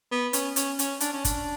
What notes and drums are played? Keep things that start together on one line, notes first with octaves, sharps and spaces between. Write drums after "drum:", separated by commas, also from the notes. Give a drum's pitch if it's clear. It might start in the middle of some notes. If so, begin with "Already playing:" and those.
B3
C#4, drum: hi-hat
C#4, drum: hi-hat
C#4, drum: hi-hat
D4, drum: hi-hat
C#4
D4, drum: kick, hi-hat